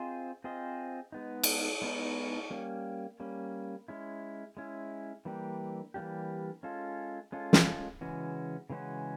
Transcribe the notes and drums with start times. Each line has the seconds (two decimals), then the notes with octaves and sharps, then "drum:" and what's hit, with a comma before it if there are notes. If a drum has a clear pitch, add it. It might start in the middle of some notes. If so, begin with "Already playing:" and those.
Already playing: C4 F4 G#4 C5 D#5
0.44 C4 F4 G#4 C5 D#5
1.12 G#3 B3 D#4
1.43 drum: cymbal
1.82 G#3 B3 D#4
2.50 G3 A#3 C#4
3.20 G3 A#3 C#4
3.88 G#3 C#4 E4
4.57 G#3 C#4 E4
5.25 E3 G3 A#3 D4 G4
5.94 E3 G3 A#3 D4 G4
6.63 G#3 C#4 F4 A4
7.32 G#3 C#4 F4 A4
7.53 drum: snare
8.01 C#3 E3 G#3 C#4 F#4
8.70 C#3 E3 G#3 C#4 F#4